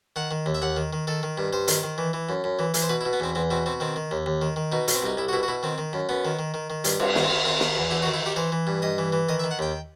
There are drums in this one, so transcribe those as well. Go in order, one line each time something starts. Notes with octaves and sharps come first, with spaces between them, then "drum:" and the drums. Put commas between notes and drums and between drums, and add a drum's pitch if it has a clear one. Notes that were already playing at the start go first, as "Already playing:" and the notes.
D#3 F#5
D#3
D#2
E5
D#2 F#5
D#3
D#3
D#3 A4
D#3
G2
G2 C5
D#3, drum: hi-hat
D#3
E3
E3
F#2
F#2
E3
E3, drum: hi-hat
C5
B2 B4
E4
B2
B3
E2 C4
E2 C4
B2 C4
B2 C4
D#3 C4
D#3
D#2
D#2
D#3
D#3
B2 D#4
B2, drum: hi-hat
C4
C2 D#4
C2 E4
F#4
B2 E4
F#4
B2 E4
D#3 C4
D#3
F#2
F#2 B3
D#3
D#3
D#3
D#3
G2, drum: hi-hat
G2 C4, drum: cymbal
D#3, drum: snare
C4
D#3
D#3 C4
D#3, drum: snare
E2
E2 E4
F#4
D#3
E4
D#3 G4
E3 C5
E3
G2
G2 D#5
E3
E3
D#3 D#5
E5
D#3
F#5
D#2 G5